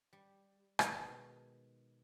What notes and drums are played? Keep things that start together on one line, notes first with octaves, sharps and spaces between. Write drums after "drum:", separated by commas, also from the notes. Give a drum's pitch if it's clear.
G3
B2 D#3 G#3 F#4 C#5, drum: rim click